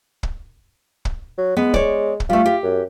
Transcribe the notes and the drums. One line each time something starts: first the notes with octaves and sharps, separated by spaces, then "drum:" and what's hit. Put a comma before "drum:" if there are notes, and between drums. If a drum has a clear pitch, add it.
drum: kick
drum: kick
F#3
G#3 B3
C#5 D5, drum: kick
drum: kick
G3 A3 F4
G4
F#2